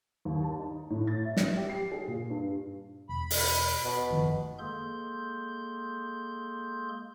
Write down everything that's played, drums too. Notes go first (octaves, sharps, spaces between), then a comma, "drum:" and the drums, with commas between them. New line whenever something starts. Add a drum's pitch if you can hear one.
D#2
A5
D#4
A2
A6
E5
drum: snare
G4
C7
G#4
A#2
G2
E1 B5
drum: open hi-hat
B2
F#1 D2 D#3 F3
G#3 A#3 G#4 A4 C6 G6